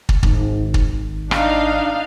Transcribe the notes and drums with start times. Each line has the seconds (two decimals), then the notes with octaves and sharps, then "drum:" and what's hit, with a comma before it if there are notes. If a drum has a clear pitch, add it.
0.09 drum: kick
0.23 G#1 D#3, drum: kick
0.74 drum: kick
1.31 D4 D#4 F5, drum: rim click